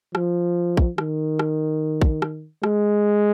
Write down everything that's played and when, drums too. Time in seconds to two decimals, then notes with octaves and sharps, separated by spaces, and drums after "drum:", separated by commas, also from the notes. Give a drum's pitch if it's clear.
0.15 F3, drum: rim click
0.77 drum: kick
0.98 D#3, drum: rim click
1.39 drum: rim click
2.02 drum: kick
2.22 drum: rim click
2.64 G#3, drum: rim click